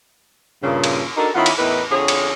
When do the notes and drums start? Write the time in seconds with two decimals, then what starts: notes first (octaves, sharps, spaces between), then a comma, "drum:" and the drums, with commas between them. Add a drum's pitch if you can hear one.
0.63 G2 A#2 C#3
0.84 drum: cymbal
1.17 D4 D#4 F#4 A4 A#4
1.35 D#3 B3 C#4 E4 F4
1.46 drum: cymbal
1.58 E2 A2 D#4 E4 A#4 B4
1.91 F2 D3 G#4 C#5
2.08 drum: cymbal